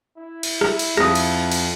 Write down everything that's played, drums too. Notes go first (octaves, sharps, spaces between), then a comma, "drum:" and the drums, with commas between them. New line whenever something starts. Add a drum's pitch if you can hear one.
E4
drum: cymbal
drum: rim click
drum: cymbal
F2 D#6 A#6, drum: rim click
drum: cymbal
drum: cymbal